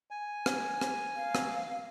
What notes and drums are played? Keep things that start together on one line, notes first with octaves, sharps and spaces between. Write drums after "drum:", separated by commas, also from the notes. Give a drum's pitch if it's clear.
G#5
drum: rim click
drum: rim click
F5
drum: rim click